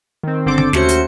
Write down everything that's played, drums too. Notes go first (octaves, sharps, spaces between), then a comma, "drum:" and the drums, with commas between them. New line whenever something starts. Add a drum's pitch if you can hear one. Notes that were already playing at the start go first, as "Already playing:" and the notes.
D#3 C4
G1 D3 C4 A4 C5 D6
drum: tom D3
D#2 A3 C#4 F#4 C5 C#7, drum: snare
drum: hi-hat